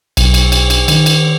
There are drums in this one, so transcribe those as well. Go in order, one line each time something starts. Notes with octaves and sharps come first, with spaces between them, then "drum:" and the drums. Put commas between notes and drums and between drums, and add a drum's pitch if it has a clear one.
B1, drum: cymbal
drum: cymbal
drum: cymbal
drum: cymbal
D#3, drum: cymbal
drum: cymbal